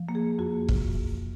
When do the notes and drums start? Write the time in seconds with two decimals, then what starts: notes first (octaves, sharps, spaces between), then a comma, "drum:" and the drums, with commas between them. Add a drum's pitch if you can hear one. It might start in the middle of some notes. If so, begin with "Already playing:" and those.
Already playing: F3
0.09 A#3
0.15 G#4
0.38 F2 F#4
0.69 drum: kick